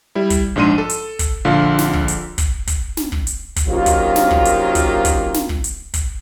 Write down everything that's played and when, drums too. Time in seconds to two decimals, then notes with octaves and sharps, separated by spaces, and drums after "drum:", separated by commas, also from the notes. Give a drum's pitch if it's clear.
0.15 G3 E4
0.30 drum: kick, hi-hat
0.56 A#1 G#2 D4 C6 D#7
0.78 A4
0.90 drum: hi-hat
1.19 drum: kick, hi-hat
1.45 A#1 D3 F4
1.78 drum: snare
1.93 drum: kick
2.08 drum: hi-hat
2.38 drum: kick, hi-hat
2.67 drum: kick, hi-hat
2.97 drum: snare
3.12 drum: kick
3.27 drum: hi-hat
3.56 drum: kick, hi-hat
3.67 F#2 C3 D#3 F#3 A#3 F4
3.86 drum: kick, hi-hat
4.16 drum: snare
4.31 drum: kick
4.45 drum: hi-hat
4.75 drum: kick, hi-hat
5.05 drum: kick, hi-hat
5.34 drum: snare
5.49 drum: kick
5.64 drum: hi-hat
5.94 drum: kick, hi-hat